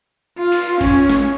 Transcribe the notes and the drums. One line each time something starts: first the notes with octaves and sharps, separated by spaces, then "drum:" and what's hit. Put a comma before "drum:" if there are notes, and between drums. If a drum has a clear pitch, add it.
F4
drum: cymbal
C#4, drum: kick, cymbal
drum: snare